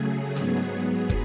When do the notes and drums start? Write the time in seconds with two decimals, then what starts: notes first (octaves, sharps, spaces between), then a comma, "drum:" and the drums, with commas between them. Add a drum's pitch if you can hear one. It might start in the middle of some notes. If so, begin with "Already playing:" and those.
Already playing: C#3 F#3 A3 G#4
0.36 G#2 F#3 B3, drum: snare
0.91 G#4
1.10 drum: kick